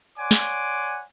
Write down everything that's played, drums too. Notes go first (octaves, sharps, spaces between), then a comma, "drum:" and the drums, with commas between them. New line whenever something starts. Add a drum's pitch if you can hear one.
C#5 D5 F#5 G#5 C6 D6
drum: snare